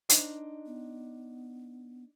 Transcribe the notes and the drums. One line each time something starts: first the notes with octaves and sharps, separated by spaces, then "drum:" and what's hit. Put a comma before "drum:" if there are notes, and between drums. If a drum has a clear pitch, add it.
D4 D#4 C5, drum: hi-hat
B3